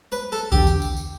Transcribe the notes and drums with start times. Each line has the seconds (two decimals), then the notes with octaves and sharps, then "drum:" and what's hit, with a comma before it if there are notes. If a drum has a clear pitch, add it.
0.12 B4
0.32 A4
0.52 E1 E2 D3 G4, drum: kick B1
0.67 drum: tambourine
0.82 drum: tambourine
0.97 drum: tambourine